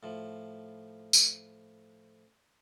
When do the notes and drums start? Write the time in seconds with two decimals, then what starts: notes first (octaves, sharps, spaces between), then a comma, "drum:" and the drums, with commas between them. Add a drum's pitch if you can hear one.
0.03 A2 F3
1.13 drum: tambourine